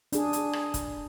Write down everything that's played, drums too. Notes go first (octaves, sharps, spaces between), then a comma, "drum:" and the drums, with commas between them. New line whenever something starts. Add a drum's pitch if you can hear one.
D4 G#4, drum: hi-hat
drum: hi-hat
drum: rim click
drum: kick, hi-hat